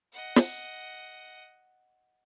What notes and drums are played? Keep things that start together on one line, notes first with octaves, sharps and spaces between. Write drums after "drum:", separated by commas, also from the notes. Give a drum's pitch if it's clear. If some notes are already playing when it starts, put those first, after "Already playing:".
D#5 F#5
drum: snare